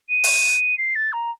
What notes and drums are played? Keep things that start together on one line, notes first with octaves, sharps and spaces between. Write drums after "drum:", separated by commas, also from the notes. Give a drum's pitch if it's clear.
D#7
drum: open hi-hat
C7
A6
A#5